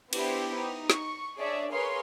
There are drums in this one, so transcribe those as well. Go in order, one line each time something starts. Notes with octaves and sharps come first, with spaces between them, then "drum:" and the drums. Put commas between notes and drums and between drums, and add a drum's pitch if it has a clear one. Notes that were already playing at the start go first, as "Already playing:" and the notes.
B3 D4 E4 G4 C5, drum: cymbal
D#4
C#6, drum: snare
D4 G#4 C#5 D5 E5
G#4 A#4 B4 C#5 F5 C6